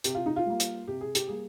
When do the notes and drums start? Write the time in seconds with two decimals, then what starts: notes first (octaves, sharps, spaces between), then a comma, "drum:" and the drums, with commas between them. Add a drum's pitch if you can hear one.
0.04 C3 G4, drum: hi-hat
0.15 F4
0.26 D#4
0.36 F4
0.46 G3 A#3
0.60 drum: hi-hat
0.87 C3 G4
1.01 G#4
1.15 G4, drum: hi-hat
1.28 G3 A#3 G#4